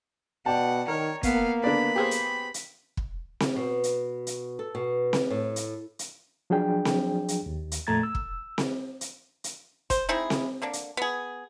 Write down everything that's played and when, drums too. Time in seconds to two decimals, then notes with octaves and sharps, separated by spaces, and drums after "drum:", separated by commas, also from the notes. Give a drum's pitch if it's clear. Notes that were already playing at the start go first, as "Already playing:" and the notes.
0.46 B2 D5 F#5 G5 A5
0.88 D#3 A#4 C#5
1.23 A#3 B3 F5, drum: kick, hi-hat
1.64 D3 B3 D5 B5
1.96 G4 G#4 C5
2.11 drum: hi-hat
2.54 drum: hi-hat
2.97 drum: kick
3.40 drum: snare C4
3.56 B2
3.84 drum: hi-hat
4.27 drum: hi-hat
4.59 A4
4.75 B2
5.13 drum: snare C4
5.30 A2
5.56 drum: hi-hat
5.99 drum: hi-hat
6.50 F3 F#3 D4 G#4 G5
6.85 drum: snare C4
7.28 drum: hi-hat
7.46 D#2
7.72 drum: hi-hat
7.87 F2 A#2 A3 A#5 G#6 A6
8.03 E6
8.15 drum: kick
8.58 drum: snare C4
9.01 drum: hi-hat
9.44 drum: hi-hat
9.90 C5, drum: kick, hi-hat
10.09 C4 D#4 E4 G#4
10.30 drum: snare C4
10.62 D3 A#3 D4
10.73 drum: hi-hat
10.97 B3 G#4